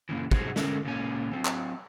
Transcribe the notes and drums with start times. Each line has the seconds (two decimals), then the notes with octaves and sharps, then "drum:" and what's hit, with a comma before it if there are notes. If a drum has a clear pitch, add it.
0.09 F#2 A#2 C#3 E3
0.31 F#3 G3 D#4 F#4 G#4 C5, drum: kick
0.56 D3 G#3 C#4 A4 A#4, drum: snare
0.84 C#2 A#2 C#4 G#5
1.33 F#3 C4
1.45 drum: clap